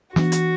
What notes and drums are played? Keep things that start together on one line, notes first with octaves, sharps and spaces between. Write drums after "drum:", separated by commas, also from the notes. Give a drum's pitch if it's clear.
E3 B3 D4 F#4, drum: snare
drum: hi-hat